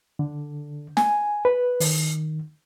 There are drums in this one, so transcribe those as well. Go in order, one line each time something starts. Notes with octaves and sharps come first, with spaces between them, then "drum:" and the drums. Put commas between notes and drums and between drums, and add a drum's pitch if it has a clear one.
D3
G#5, drum: snare
B4
D#3, drum: open hi-hat